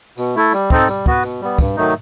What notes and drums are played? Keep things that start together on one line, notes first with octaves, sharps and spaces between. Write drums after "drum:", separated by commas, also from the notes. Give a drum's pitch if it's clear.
B2, drum: tambourine
A3 E4 A4
G3, drum: tambourine
C4 D#4 A4, drum: kick
G3, drum: tambourine
B3 F#4 B4, drum: kick
B2, drum: tambourine
G3 B3
G2, drum: kick, tambourine
D#3 F#3 A3 D#4